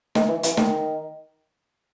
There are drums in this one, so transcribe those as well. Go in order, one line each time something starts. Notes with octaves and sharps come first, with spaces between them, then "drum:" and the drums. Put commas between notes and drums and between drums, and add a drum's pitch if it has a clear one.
D#3, drum: snare
E3
E3, drum: hi-hat
D#3, drum: snare